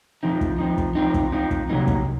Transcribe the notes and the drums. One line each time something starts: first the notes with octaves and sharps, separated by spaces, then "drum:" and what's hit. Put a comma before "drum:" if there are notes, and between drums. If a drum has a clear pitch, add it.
F3 C4 D#4
drum: kick
F3 C4 D#4
drum: kick
F3 C4 D#4
drum: kick
F3 C4 D#4
drum: kick
C3 F#3 A#3 D#4
drum: kick